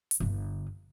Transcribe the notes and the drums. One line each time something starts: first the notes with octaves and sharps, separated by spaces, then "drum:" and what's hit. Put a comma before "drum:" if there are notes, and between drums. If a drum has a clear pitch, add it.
drum: hi-hat
G1 D3